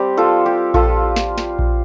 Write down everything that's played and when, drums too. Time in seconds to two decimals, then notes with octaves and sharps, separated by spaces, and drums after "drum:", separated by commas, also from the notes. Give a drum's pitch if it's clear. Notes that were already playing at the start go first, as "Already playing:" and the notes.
Already playing: G3 C4 G4
0.17 F4 A4
0.46 G4
0.74 F4 A4, drum: kick A#1
1.16 drum: snare
1.38 drum: snare
1.59 drum: kick A#1